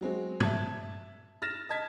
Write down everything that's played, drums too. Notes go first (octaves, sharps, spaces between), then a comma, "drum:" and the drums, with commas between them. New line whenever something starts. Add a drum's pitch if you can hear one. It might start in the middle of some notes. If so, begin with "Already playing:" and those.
F#3 G#3 C4 F#4
E5 A5 G#6, drum: tom G2
F6 A6 A#6 E7
D#5 A5 G#6 B6